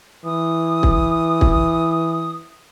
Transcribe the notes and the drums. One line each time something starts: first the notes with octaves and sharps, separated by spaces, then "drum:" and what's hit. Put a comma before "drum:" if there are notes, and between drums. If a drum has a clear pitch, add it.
E3 D#6
drum: kick
drum: kick